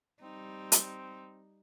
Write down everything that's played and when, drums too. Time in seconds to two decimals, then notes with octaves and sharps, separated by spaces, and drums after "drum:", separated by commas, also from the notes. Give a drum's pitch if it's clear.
0.22 G3 C4 D#4
0.72 drum: hi-hat